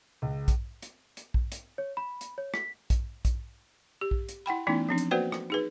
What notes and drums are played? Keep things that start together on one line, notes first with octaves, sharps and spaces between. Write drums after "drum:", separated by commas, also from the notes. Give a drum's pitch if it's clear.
C#2
drum: kick A#1, hi-hat
drum: hi-hat
drum: hi-hat
drum: kick A#1
drum: hi-hat
C#5
B5
drum: hi-hat
C#5
B6, drum: rim click
drum: kick A#1, hi-hat
drum: kick A#1, hi-hat
G4
drum: kick A#1
drum: hi-hat
E4 F#5 G5 B5
E3 A3 B3 C#4 D#4 E4
F3 C4 D4
drum: hi-hat
A#3 F#4 B4 C5 D5 G5
drum: rim click
D#4 G#4 B4